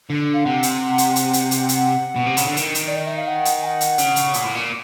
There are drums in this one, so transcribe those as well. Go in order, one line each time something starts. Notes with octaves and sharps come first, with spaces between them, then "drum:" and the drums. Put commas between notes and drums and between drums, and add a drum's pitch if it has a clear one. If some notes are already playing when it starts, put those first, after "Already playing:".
D3
F5
C3 F#5
drum: hi-hat
drum: hi-hat
drum: hi-hat
drum: hi-hat
drum: hi-hat
drum: hi-hat
B2
C3
C#3, drum: hi-hat
D3
D#3, drum: hi-hat
drum: hi-hat
D5
D#5
E5
F5
F#5
drum: hi-hat
G#5
F#5
drum: hi-hat
C#3, drum: hi-hat
drum: hi-hat
A#2, drum: hi-hat
A2
A#2